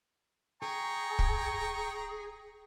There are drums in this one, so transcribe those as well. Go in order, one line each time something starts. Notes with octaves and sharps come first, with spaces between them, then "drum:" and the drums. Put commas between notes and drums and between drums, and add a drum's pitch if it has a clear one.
G#4 G5 A#5 C#6
drum: kick